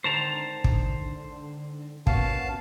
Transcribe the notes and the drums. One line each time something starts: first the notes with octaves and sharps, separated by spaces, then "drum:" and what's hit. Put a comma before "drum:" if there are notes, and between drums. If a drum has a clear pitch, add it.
G#2 D3 D#3 C5 A5 A#5
drum: kick
A#3 B3 C#4 F#4 F5 A5, drum: kick